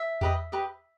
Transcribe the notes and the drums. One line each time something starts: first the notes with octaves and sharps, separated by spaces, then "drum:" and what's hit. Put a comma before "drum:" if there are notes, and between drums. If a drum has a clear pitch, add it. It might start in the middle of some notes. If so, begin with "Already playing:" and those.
Already playing: E5
G4 B4 D#5, drum: tom E2
G4 B4 D#5